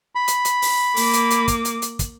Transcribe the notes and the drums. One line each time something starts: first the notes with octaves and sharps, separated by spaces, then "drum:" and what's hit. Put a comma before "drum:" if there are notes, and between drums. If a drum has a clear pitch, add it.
B5
drum: hi-hat
drum: hi-hat
drum: open hi-hat
A#3 D6, drum: open hi-hat
drum: hi-hat
drum: hi-hat
drum: kick, hi-hat
drum: hi-hat
drum: hi-hat
drum: kick, hi-hat